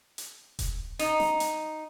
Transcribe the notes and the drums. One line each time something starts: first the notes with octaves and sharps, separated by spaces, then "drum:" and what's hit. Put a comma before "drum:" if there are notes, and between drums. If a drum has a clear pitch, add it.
drum: hi-hat
drum: kick D#1, hi-hat
D#4, drum: hi-hat
drum: snare
drum: hi-hat